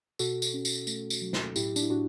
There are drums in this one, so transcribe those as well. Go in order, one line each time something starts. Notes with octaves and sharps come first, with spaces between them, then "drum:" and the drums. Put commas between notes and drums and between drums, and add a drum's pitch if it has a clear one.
B2 F#4 A4, drum: tambourine
drum: tambourine
C#4
drum: tambourine
A3, drum: tambourine
drum: tambourine
F#3
drum: snare
A2 E4 G4, drum: tambourine
D4, drum: tambourine
E4
A2 D4 F#4